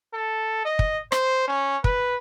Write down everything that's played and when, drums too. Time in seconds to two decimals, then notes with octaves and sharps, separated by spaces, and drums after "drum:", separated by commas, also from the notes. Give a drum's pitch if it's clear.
0.14 A4
0.65 D#5
0.79 drum: kick
1.12 C5, drum: rim click
1.48 C#4
1.84 B4, drum: kick